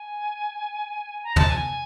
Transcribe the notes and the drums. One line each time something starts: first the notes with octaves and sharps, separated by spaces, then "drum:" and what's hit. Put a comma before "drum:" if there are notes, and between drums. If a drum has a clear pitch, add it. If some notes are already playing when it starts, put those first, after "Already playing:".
Already playing: G#5
A#5
A5, drum: tom
G#5